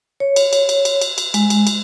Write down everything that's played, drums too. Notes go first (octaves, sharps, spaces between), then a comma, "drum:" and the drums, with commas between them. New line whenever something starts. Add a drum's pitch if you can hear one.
C#5
drum: cymbal
drum: cymbal
drum: cymbal
drum: cymbal
drum: cymbal
drum: cymbal
G#3, drum: cymbal
drum: cymbal
drum: cymbal